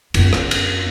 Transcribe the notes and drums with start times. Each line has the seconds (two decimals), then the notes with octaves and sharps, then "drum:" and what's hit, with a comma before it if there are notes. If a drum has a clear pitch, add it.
0.14 F#2 B3, drum: cymbal
0.33 drum: rim click
0.51 drum: cymbal